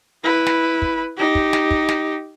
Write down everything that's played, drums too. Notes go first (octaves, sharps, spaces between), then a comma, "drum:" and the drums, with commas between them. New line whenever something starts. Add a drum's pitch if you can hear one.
E4 B4
drum: snare
drum: kick
D#4 G4
drum: kick
drum: snare
drum: kick
drum: snare